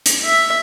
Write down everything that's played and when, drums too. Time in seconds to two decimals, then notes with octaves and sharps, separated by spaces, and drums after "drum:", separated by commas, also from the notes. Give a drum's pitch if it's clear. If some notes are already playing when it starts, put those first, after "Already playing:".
0.06 drum: hi-hat
0.25 E5